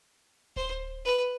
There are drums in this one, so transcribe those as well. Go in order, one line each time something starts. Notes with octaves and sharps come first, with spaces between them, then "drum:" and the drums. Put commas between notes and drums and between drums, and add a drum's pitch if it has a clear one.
C5, drum: kick D1
B4